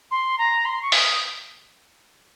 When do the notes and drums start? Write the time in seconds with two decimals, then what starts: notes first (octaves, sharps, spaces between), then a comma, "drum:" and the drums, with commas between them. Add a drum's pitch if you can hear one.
0.11 C6
0.38 A#5
0.65 C6
0.82 C#6
0.92 D#6, drum: open hi-hat